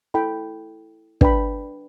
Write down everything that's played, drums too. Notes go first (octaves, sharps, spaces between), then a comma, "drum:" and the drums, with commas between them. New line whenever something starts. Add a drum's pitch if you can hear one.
E4 A4 G5 B5
D4 B4 G5 B5, drum: kick